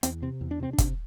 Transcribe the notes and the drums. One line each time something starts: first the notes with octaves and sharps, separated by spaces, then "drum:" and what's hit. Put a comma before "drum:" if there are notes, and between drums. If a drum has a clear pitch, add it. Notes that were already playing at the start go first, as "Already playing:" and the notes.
E2 C4, drum: hi-hat
C3 C4
E2
D4
C3 C4
D4
C3, drum: kick, hi-hat